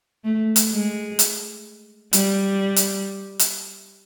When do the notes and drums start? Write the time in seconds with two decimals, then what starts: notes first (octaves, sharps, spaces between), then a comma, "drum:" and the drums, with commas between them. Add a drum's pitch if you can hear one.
0.24 A3
0.56 drum: hi-hat
0.71 G#3
1.19 drum: hi-hat
2.13 G3, drum: hi-hat
2.76 drum: hi-hat
3.39 drum: hi-hat